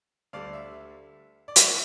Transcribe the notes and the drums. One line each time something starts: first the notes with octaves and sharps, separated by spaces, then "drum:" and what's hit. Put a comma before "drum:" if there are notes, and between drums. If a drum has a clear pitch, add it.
D2 D3 G3 D5 F5
E5
D5
E5, drum: hi-hat